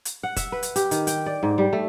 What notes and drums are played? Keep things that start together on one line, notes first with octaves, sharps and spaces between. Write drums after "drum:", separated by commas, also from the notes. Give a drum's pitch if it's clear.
drum: hi-hat
F#5
E5, drum: kick, hi-hat
B4
drum: hi-hat
G4, drum: hi-hat
D#3, drum: hi-hat
G5, drum: hi-hat
D5
G#2
G3
A3